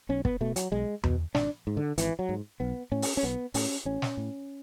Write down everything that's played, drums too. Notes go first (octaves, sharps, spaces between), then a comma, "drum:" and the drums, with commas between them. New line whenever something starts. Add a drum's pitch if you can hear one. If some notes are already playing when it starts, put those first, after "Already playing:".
B1 C#4
B3, drum: kick
B2 A3
F#3, drum: hi-hat
B1 G#3
B2, drum: tom E2
G#1 D4, drum: snare
G#2
D3
G#1 E3, drum: hi-hat
F#3
G#2
B1 B3
A2 C#4
drum: open hi-hat
C#4
B1 B3
A2 C#4, drum: open hi-hat
A1 C#4
drum: snare
A2